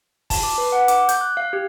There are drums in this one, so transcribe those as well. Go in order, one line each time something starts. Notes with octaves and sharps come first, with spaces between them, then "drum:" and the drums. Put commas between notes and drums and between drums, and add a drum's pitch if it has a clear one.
A5, drum: kick, open hi-hat
D6
B4
F#5
D6, drum: hi-hat
G6, drum: hi-hat
F#6
F5
G4